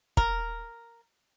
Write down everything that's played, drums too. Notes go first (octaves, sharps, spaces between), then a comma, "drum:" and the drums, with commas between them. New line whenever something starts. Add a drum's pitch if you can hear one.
A#4, drum: kick